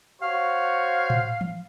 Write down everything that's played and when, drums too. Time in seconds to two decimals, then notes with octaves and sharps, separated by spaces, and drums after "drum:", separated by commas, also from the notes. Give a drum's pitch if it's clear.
0.22 F#4 C5 C#5 F5
1.10 drum: tom A2
1.41 drum: tom E3